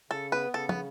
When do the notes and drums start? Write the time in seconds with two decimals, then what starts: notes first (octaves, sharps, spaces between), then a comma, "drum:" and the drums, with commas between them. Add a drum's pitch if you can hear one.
0.10 C#3 A4
0.32 B3 B4
0.54 C#3 A4
0.69 B3, drum: tom